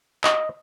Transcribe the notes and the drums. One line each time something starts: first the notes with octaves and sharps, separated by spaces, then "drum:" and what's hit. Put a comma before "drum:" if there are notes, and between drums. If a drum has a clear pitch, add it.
D#5, drum: clap